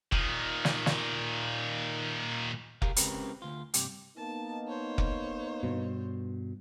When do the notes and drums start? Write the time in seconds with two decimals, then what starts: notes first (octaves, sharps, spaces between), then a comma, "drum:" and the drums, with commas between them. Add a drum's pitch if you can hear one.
0.12 A#2 D#3, drum: kick F1
0.65 drum: snare
0.86 drum: snare
2.82 G4 G#4 A#4 F5, drum: kick F1
2.96 C#2 C#3 C4 G4 A#4 B4, drum: hi-hat
3.42 D2 F4
3.74 G2 C3 G4, drum: hi-hat
4.17 A#3 B3 D#4 A5
4.68 C5 C#5
4.98 drum: kick F1
5.63 G2 B2